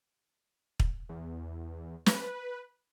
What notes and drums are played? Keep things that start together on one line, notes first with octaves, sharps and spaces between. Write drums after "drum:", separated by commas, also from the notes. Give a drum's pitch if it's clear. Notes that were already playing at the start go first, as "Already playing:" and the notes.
drum: kick
E2
B4, drum: snare